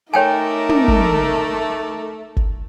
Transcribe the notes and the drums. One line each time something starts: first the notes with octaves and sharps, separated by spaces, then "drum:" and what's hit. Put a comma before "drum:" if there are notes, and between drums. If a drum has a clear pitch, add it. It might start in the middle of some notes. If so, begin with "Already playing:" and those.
A3 D#4 A#4 C#5 G5 G#5 D6
drum: tom
drum: kick G1
drum: kick G1